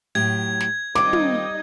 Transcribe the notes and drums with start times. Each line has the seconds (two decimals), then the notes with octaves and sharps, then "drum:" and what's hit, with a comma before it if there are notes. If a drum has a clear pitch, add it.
0.15 A2 F#3 G4 G#6
0.60 drum: snare
0.95 D#3 G3 C4 D#4 F4 D#5 D6, drum: snare
1.13 drum: tom